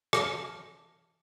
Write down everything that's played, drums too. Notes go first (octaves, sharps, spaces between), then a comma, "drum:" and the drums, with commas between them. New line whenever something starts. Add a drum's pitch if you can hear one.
A5 F6 A#6 E7, drum: rim click